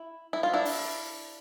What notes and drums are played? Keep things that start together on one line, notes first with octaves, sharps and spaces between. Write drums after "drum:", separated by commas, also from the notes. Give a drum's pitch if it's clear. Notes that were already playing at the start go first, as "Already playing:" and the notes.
Already playing: E4
E4
F4
D4 E4
drum: open hi-hat